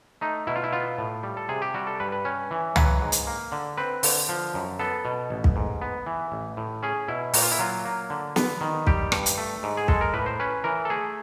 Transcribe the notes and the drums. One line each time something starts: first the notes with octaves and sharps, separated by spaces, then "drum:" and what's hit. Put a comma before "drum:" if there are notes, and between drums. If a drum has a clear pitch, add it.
A3 D#4
B2 E4
F4
E4
B3 F4
A2
G3
A4
C3 G#4
G4
G3 F#4
A4
G2 B4
B4
C#4
E3
F#3 B4, drum: tom
G#2
drum: hi-hat
A#3
D3
C4 B4
D3, drum: open hi-hat
F3
F#2
B3 A4
B2
A1
drum: kick
G#2
B3
E3
A1
A2
C#4 G#4
B2 E4
A#2 F#4, drum: open hi-hat
F4
E4
F#3 F4
A#3
D3
B3, drum: snare
D#3
G3 G4, drum: kick
G2, drum: rim click
drum: hi-hat
A3
G#2
G#4
G#3 A4, drum: kick
A#4
A2 B4
C5
C#4 B4
E3 A#4
A4
A3 G#4